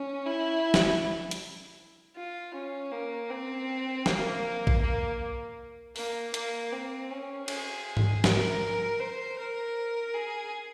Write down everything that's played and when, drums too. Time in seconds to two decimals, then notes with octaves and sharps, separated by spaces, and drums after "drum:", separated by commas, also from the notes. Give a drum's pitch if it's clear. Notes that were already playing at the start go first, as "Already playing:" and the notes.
Already playing: C#4
0.27 E4
0.74 drum: snare
1.31 drum: hi-hat
2.16 F4
2.54 C#4
2.92 A#3
3.30 C4
4.06 A#3, drum: snare
4.67 drum: kick A#1
4.82 A#3
5.96 A#3, drum: open hi-hat
6.34 A#3, drum: hi-hat
6.72 C4
7.10 C#4
7.48 G#4, drum: cymbal
7.97 drum: tom G#2
8.24 A#4, drum: snare
9.00 C5
9.38 A#4
10.14 G#4